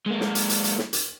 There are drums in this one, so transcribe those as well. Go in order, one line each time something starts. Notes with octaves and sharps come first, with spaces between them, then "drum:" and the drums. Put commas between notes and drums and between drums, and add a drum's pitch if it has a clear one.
G#3 A#3
drum: snare
drum: hi-hat
drum: hi-hat
drum: hi-hat
drum: snare
drum: hi-hat